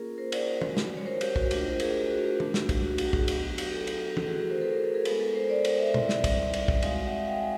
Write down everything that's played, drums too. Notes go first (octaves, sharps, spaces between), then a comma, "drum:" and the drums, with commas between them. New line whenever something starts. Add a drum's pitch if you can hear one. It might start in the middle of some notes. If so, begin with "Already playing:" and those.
Already playing: A#3 C#4 F4 G#4 A#4
A#4 C5
C5 D5, drum: cymbal
G#3 C#4 F#4, drum: tom
drum: snare
C#5
A#4 C5
G4, drum: cymbal
F#4, drum: kick
A3 D4 F4 G4, drum: cymbal
A#4 C5
G#4 A#4, drum: cymbal
G4
F#4 G#4
G4
A3 D4 F#4, drum: tom
drum: snare
drum: kick, cymbal
F#4
G4, drum: cymbal
F#4 G#4, drum: kick
F#3 B3 D4 G4, drum: cymbal
F#4
G4, drum: cymbal
G4 A4
drum: cymbal
A3 C4 E4 G4 A4, drum: tom
F#4 G#4
G4
A#4 C5
A4 B4
G#4 A#4
A4 B4
G#4 A#4
G#3 B3 E4 A4 B4, drum: cymbal
A4 B4
A#4 C5
C5 D5
C5 D5, drum: cymbal
D5 E5
G3 C4 E4, drum: tom
drum: snare
drum: kick, cymbal
drum: cymbal
drum: kick
G#3 C4 D#4 F#4 D#5 F5, drum: cymbal
E5 F#5
F5 G5
F#5 G#5